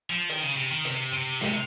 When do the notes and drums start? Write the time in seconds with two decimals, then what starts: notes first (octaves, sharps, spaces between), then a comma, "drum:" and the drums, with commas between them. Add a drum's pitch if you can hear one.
0.10 F3
0.29 D#3, drum: hi-hat
0.42 C#3
0.57 C3
0.71 D#3
0.85 C3, drum: hi-hat
1.13 C3
1.41 C3, drum: snare